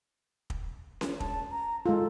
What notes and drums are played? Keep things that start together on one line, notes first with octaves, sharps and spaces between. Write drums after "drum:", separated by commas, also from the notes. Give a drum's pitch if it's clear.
drum: kick
drum: snare C#4
A5, drum: kick
A#5
G#3 F4 A4